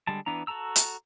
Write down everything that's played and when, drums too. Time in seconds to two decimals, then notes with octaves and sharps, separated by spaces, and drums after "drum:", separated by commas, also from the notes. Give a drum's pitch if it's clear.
0.07 D3 G3 G#3 A5
0.26 E3 B3 D4 A#5
0.47 F#4 A4 A5 A#5 E6
0.76 drum: hi-hat